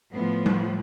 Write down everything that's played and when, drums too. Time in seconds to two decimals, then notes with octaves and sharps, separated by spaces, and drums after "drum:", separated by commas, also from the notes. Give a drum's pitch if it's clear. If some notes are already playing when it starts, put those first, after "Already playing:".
0.12 A2 F3 B3
0.46 drum: tom G3